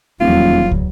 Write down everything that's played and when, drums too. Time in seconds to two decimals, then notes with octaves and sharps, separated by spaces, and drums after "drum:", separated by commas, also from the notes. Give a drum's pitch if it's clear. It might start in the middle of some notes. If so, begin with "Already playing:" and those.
0.20 D#1 E2 F#3 F4
0.71 drum: kick